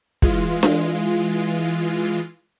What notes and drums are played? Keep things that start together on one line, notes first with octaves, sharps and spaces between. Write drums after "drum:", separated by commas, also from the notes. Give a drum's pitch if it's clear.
E3 G#3 F4, drum: kick
drum: snare D4